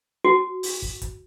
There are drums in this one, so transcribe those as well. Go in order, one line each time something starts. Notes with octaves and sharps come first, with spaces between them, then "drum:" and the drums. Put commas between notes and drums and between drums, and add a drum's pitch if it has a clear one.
F#4
drum: open hi-hat
drum: kick
drum: kick, hi-hat